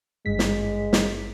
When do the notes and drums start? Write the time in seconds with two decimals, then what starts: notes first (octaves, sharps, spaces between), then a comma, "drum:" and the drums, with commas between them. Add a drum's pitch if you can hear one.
0.26 G#1 G2 G#3 B6
0.39 drum: snare
0.93 drum: snare